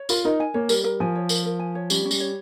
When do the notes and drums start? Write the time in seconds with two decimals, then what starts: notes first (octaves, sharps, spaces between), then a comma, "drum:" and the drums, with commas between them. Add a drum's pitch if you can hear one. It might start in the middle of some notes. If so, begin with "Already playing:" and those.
Already playing: C#5
0.09 F4 A#4, drum: tambourine
0.25 D#4 A#4
0.40 G#5
0.54 A#3 C#5
0.69 G3 A#4, drum: tambourine
0.84 A#4
1.00 F3 G#5
1.15 C#5
1.29 A#4, drum: tambourine
1.46 A#4
1.59 G#5
1.75 C#5
1.90 G3 C#4, drum: tambourine
2.05 C#4
2.11 G3, drum: tambourine
2.20 C#5